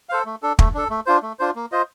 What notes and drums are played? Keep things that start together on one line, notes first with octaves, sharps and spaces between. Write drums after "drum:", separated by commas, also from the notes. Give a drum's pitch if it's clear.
A4 C5 F5
A3
D4 A4
A3, drum: kick
D4 A4
A3
D4 F4 C5
A3
D4 F4 C5
A#3
F4 C5 D#5